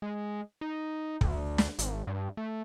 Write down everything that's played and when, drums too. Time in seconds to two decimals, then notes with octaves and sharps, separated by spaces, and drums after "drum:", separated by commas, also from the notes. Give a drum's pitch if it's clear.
0.02 G#3
0.61 D#4
1.21 D2, drum: kick
1.58 drum: snare
1.79 G#1, drum: hi-hat
2.07 G2
2.37 A3